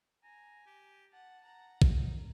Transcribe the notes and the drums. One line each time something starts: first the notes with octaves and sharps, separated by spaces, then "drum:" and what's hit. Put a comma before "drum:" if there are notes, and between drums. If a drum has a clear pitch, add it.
G#5 A#5
G4
F#5 A5
F#5 A#5
D#4, drum: kick